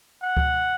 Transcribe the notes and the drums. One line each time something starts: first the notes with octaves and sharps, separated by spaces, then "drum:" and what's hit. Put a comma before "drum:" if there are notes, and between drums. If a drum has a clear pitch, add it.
F#5
drum: kick C#2